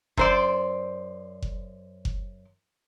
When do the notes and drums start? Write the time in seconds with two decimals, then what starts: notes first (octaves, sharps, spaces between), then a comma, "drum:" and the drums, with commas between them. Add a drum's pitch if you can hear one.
0.17 F#2 C5 D5, drum: kick F#1
1.42 drum: kick F#1
2.05 drum: kick F#1